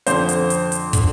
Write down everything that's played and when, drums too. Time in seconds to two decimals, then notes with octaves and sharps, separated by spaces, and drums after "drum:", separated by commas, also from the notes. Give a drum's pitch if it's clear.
0.06 F2 D3 C5, drum: hi-hat
0.29 drum: hi-hat
0.50 drum: hi-hat
0.72 drum: hi-hat
0.93 D3, drum: kick, hi-hat